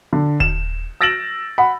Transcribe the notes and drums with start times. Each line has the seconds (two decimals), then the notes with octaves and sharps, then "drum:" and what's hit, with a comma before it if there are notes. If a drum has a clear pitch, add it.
0.13 D3
0.40 E7, drum: kick D#1
1.01 E6 A6 A#6 D7 E7 F#7
1.58 F#5 B5